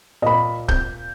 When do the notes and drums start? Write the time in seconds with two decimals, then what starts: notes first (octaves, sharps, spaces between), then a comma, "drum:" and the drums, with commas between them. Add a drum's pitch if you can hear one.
0.22 A#2 D#5 B5
0.68 G6, drum: kick C#1